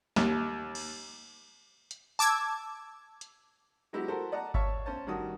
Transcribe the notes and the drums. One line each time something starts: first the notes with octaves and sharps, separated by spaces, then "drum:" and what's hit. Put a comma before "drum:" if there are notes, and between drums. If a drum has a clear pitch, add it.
D#2, drum: snare
drum: cymbal
drum: hi-hat
A5 D6 E6 G#6
drum: hi-hat
F#3 G#3 B3 E4 F#4 G4
E4 F#4 A4 A#4 C5
D5 D#5 F#5 A5 A#5
C#5 E5 F5 A5 C#6, drum: kick G1
C#4 C5 A5
G2 D#3 F#4 A5 D#6